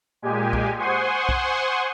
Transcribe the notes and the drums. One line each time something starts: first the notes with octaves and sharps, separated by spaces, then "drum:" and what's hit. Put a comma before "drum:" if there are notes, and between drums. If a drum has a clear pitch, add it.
A#2 G#3 G4 G#5
drum: kick B1
C5 F#5 G#5 C6 C#6 D#6
drum: kick B1